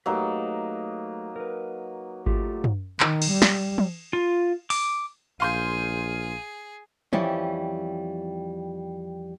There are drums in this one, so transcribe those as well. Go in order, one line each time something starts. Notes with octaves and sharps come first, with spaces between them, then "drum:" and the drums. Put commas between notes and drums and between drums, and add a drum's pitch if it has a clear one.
F#3 A3 A#3 D#4 G4 B4
A#4 B4
A3 F4 G4, drum: kick G#1
drum: tom
D#3, drum: clap
drum: cymbal
G3
drum: snare
drum: tom
F4
D6, drum: open hi-hat
A#1 G#4 F5 C6 G6 D#7
F2 E3 G3 C#4, drum: tom